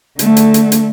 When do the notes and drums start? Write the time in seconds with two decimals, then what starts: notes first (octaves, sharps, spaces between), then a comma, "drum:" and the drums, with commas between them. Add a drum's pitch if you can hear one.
0.19 D3 A3, drum: hi-hat
0.37 drum: hi-hat
0.54 drum: hi-hat
0.72 drum: hi-hat